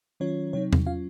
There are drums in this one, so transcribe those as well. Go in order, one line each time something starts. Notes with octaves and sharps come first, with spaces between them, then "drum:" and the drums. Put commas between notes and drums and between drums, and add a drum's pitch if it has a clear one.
D#3 F#3 C#4 F4 C#5
C3 F#3 C4 D#4 C#5
drum: tom E2
F#3 C#4 F4 F5